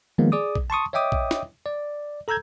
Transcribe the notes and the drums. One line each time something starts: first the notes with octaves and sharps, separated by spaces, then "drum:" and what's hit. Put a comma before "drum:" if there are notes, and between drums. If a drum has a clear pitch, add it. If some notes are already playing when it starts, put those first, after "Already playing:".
D#3 F3 G#3 A#3 B3
G#4 D5 D6 D#6
drum: kick A#1
A5 C6 C#6 D#6
C#5 D#5 E5 G5 D6 D#6
drum: kick A#1
drum: snare
D5
A4 A#5 E6 G6 G#6